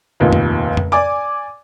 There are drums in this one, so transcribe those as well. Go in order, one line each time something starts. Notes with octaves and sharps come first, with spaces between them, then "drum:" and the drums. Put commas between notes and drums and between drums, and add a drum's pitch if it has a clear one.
F1 D#2 A#2
drum: tom F2
drum: tom F2
D5 G#5 D6